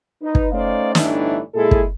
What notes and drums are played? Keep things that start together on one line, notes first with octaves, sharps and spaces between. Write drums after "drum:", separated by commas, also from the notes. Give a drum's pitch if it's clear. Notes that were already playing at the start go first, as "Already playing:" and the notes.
D#4 B4
drum: kick
A3 C#4 D#4 C5 D5 F5
G1 A2 E3 A3 D4 D#4, drum: snare
A#2 G#3 E4 G#4 A4
drum: kick